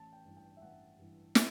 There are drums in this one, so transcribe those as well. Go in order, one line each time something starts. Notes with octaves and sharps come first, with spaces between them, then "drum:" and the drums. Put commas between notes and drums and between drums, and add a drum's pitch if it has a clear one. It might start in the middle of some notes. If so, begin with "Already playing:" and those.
Already playing: A1 A5
G5
G2 E3
G5
E5
A1 F#5
G2 E3
drum: snare